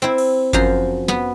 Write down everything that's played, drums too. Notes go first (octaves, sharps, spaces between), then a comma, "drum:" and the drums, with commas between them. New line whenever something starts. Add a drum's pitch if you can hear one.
C4 E4
drum: cymbal
F#2 F3 A#5 C6, drum: kick G1
B3, drum: snare